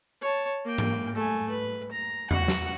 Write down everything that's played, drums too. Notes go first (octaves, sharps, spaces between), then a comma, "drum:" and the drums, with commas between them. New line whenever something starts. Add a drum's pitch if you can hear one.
C#5 A5
A#3 G5
drum: tom G#2
A3 G#5
B4
A#5
F#4 F#5, drum: tom E2
drum: snare